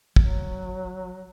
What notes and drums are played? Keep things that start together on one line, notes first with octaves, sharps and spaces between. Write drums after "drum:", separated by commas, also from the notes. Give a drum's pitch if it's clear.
F#3, drum: kick